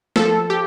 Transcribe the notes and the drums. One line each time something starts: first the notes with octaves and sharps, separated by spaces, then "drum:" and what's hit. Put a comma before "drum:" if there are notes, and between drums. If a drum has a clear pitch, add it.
F3 A4, drum: snare
G4